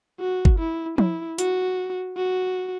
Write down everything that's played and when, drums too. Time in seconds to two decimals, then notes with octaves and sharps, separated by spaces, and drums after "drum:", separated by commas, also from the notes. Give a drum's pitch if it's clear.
0.20 F#4
0.45 drum: kick G1
0.59 E4
0.98 E4, drum: tom F3
1.38 F#4, drum: hi-hat
2.17 F#4